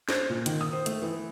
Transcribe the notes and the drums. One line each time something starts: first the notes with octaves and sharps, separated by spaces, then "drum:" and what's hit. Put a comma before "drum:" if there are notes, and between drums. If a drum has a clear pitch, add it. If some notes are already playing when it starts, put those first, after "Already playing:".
C5, drum: snare
A#2
D#3, drum: hi-hat
D#6
C5
A3, drum: hi-hat
E3